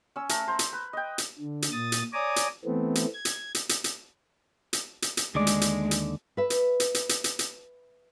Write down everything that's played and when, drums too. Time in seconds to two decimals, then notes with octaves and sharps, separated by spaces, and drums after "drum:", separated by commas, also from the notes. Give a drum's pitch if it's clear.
0.16 C#4 E6
0.29 A3 A#4, drum: hi-hat
0.48 C5 A#5
0.59 drum: hi-hat
0.73 B4
0.93 D#5 G5
1.18 drum: hi-hat
1.39 D3
1.62 drum: hi-hat
1.72 A#2 D#6 A6
1.92 drum: hi-hat
2.13 C#5 D5 G#5 A#5 D6 D#6
2.36 drum: hi-hat
2.65 E3 A3 B3 C4
2.95 drum: hi-hat
3.14 G#6
3.25 drum: hi-hat
3.55 drum: hi-hat
3.69 drum: hi-hat
3.84 drum: hi-hat
4.73 drum: hi-hat
5.02 drum: hi-hat
5.17 drum: hi-hat
5.35 D#2 D3 G#3 D5
5.47 drum: hi-hat
5.61 drum: hi-hat
5.91 drum: hi-hat
6.37 B4 E5
6.50 drum: hi-hat
6.80 drum: hi-hat
6.94 drum: hi-hat
7.09 drum: hi-hat
7.24 drum: hi-hat
7.39 drum: hi-hat